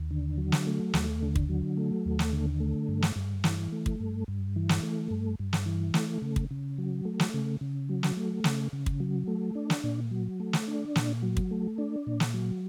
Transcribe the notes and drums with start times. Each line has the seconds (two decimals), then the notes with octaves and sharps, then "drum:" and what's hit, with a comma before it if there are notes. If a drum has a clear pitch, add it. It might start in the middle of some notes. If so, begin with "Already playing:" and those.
Already playing: D#2
0.11 D3
0.38 F#3
0.52 drum: snare
0.66 A3
0.94 D#2, drum: snare
1.22 D3
1.36 drum: kick
1.49 F#3
1.77 A3
2.06 D#2
2.19 drum: snare
2.32 D3
2.60 A3
2.88 G2
3.02 drum: snare
3.16 G2
3.44 E3, drum: snare
3.72 A3
3.86 drum: kick
4.00 G2
4.28 G2
4.56 E3
4.69 drum: snare
4.83 A3
5.11 G2
5.39 G2
5.53 drum: snare
5.66 E3
5.94 A3, drum: snare
6.22 C#3
6.36 drum: kick
6.51 C#3
6.78 F#3
7.05 A3
7.20 drum: snare
7.34 C#3
7.61 C#3
7.89 F#3
8.03 drum: snare
8.17 A3
8.44 C#3, drum: snare
8.73 C#3
8.86 drum: kick
9.00 F#3
9.27 A3
9.55 D4
9.70 drum: snare
9.84 A#2
10.11 F#3
10.40 A3
10.53 drum: snare
10.68 D4
10.96 A#2, drum: snare
11.22 F#3
11.37 drum: kick
11.51 A3
11.78 D4
12.07 A#2
12.20 drum: snare
12.34 F#3